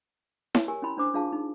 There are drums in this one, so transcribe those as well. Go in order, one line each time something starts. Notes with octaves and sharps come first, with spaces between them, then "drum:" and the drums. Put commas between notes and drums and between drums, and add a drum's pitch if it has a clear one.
C#5, drum: snare E4
G4 A#4 G#5
C#4 E4 B5 C6
C#4 D4 C5 D6
D4 F4 G#4 F5 A5
D#4